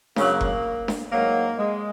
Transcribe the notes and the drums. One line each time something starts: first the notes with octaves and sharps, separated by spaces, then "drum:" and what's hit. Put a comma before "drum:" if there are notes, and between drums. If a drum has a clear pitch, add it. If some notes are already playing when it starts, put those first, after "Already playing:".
F#2 C#3 F#3 A#3, drum: snare D4
drum: kick F#1
drum: snare D4
G#2 F#3 A#3
G#3